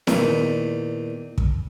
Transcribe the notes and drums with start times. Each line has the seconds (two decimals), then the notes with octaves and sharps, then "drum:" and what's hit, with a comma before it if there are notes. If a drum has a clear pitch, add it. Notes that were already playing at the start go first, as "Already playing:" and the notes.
0.07 E2 A#2 D#3, drum: snare E4
1.38 drum: kick